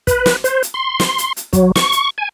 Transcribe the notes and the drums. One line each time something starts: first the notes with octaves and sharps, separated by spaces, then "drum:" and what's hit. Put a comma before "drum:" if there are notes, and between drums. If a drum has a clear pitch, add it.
B4, drum: kick, hi-hat
drum: snare
C5, drum: hi-hat
drum: hi-hat
C6
drum: snare
drum: hi-hat
drum: hi-hat
F#3, drum: kick, hi-hat
C#6, drum: snare
drum: hi-hat
G#5